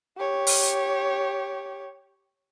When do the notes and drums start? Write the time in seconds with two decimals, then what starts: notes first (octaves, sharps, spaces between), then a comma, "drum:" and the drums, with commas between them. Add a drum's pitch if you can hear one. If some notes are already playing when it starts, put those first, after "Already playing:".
0.17 G4 C#5
0.47 drum: open hi-hat